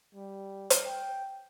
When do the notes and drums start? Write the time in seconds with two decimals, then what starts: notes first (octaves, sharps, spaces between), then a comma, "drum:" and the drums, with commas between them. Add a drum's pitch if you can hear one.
0.15 G3
0.70 drum: hi-hat
0.86 G5